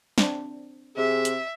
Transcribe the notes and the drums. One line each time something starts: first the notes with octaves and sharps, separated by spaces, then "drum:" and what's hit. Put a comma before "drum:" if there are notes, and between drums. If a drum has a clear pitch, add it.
C4 D4, drum: snare
C3 G#4 E5
drum: hi-hat